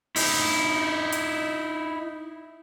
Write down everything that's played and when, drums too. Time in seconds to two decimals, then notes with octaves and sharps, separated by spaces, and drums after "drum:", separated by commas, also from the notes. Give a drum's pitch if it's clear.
0.16 D#4 E4, drum: open hi-hat
1.12 drum: hi-hat